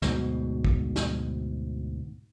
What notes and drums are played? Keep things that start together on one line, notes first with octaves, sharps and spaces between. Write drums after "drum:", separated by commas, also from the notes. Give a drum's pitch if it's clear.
D2 G#2 B2, drum: snare
drum: kick
drum: snare